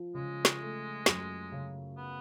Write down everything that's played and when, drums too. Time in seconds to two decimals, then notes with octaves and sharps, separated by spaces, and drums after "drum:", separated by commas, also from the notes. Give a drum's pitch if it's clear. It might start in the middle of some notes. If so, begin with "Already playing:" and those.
Already playing: F3
0.14 C#3 G#3
0.45 drum: snare
0.61 A3
1.06 F#2, drum: snare
1.52 C#3
1.97 B3